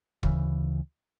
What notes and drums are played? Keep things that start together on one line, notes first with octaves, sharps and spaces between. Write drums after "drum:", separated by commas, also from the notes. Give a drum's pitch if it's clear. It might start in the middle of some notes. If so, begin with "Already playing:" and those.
D2 C#3 E3, drum: kick